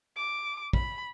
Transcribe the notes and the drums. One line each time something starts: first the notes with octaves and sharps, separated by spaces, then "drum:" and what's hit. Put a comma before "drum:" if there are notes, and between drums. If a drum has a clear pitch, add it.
D6
B5, drum: kick